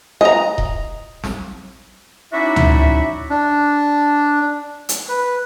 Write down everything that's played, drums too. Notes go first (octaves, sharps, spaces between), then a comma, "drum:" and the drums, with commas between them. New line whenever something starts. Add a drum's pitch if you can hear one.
D#5 A#5
drum: kick D#1
drum: snare
C#4 D#4 E4 F#4 D5 E5
drum: tom D2
D4
drum: hi-hat
B4